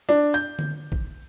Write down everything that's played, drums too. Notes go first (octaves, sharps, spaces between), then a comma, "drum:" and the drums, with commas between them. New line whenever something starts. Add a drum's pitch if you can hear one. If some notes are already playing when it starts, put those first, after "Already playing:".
D4
G6
drum: tom
drum: kick A1